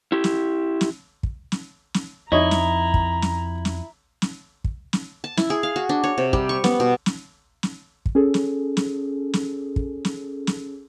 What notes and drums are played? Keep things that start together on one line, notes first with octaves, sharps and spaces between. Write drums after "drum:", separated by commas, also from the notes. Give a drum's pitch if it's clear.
E4 G4
drum: snare
drum: snare
drum: kick
drum: snare
drum: snare
F2 D#4 E4 C#5 D#5 A#5
drum: snare
drum: kick
drum: snare
drum: snare
drum: snare
drum: kick
drum: snare
A5
E4, drum: snare
G#4
F5
F#4
D4
C#5
C3
G3, drum: kick
C#6
B3, drum: snare
B2
drum: snare
drum: snare
drum: kick
C#4 G#4 A4
drum: snare
drum: snare
drum: snare
drum: kick
drum: snare
drum: snare